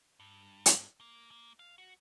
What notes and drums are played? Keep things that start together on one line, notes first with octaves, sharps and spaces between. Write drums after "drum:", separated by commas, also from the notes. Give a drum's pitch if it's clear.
G2
drum: hi-hat
A#3
A#3
F5
F#4